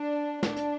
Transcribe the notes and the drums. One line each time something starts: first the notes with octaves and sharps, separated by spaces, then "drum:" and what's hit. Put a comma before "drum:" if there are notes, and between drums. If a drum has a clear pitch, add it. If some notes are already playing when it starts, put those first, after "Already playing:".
Already playing: D4
D4, drum: snare
drum: hi-hat